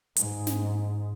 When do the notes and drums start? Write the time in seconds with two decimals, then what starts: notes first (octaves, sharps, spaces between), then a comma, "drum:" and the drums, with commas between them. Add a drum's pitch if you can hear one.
0.16 G#2, drum: hi-hat
0.47 drum: snare